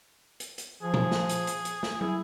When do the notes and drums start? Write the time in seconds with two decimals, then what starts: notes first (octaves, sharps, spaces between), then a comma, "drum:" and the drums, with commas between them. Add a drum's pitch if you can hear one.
0.40 drum: hi-hat
0.58 drum: hi-hat
0.82 F3 G#4
0.94 drum: tom A#2
1.12 drum: snare
1.29 drum: hi-hat
1.47 drum: hi-hat
1.65 drum: hi-hat
1.83 drum: snare
2.01 E4 G#4, drum: tom